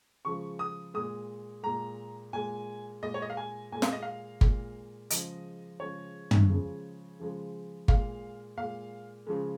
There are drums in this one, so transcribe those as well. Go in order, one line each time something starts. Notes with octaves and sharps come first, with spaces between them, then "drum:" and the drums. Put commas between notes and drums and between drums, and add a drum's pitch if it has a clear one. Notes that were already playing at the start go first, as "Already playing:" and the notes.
C#3 F3 G#3 C#6
D#6
A#2 G#3 D#6
A#2 G#3 A#5
A#2 G#3 G#5
A#2 G#3 D#5
C#5
D#5
F5
G#5
A#2 G#3 G#5
F5, drum: snare
D#5
F5
A#2 G#3, drum: kick G1
C#3 F3 G#3 D#5, drum: hi-hat
C#3 F3 G#3 C#5
drum: tom
C#3 F3 G#3
C#3 F3 G#3
A#2 G#3 F5, drum: kick G1
A#2 G#3 F5
C#3 F3 G#3